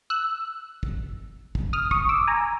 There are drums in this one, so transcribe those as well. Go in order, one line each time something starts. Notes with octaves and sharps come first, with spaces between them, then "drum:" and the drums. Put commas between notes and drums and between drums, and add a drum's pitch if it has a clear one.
E6 F#6
drum: kick
drum: kick
D#6 F6
C#6 D#6, drum: kick
D6 E6
G#5 A#5